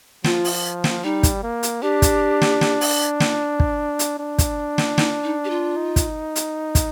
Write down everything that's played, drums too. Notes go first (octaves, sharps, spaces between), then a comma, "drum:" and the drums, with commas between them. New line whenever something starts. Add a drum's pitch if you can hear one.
F3 F4, drum: snare
drum: open hi-hat
drum: snare
G3 D#4
drum: kick, hi-hat
A#3
drum: hi-hat
D4 G4
drum: kick, hi-hat
drum: snare
drum: snare
drum: open hi-hat
drum: snare
drum: kick
drum: hi-hat
D4
drum: kick, hi-hat
drum: snare
D#4, drum: snare
D#4
G4
F4
D#4
drum: kick, hi-hat
drum: hi-hat
drum: kick, hi-hat